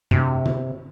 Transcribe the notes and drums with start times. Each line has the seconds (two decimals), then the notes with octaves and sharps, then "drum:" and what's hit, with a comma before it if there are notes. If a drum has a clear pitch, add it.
0.11 C3, drum: tom F#2
0.46 drum: tom D3